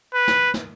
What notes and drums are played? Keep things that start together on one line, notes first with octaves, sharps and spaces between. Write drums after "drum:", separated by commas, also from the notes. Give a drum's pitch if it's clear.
B4
drum: snare
drum: snare